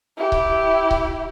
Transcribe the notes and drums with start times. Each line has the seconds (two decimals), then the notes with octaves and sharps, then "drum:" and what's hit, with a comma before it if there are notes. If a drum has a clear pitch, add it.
0.17 E4 G4
0.32 drum: kick C#1
0.91 drum: kick C#1